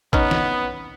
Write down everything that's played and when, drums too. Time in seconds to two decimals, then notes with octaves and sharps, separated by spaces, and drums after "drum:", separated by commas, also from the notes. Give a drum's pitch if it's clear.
0.13 B3 C#4 D#4, drum: kick
0.31 drum: snare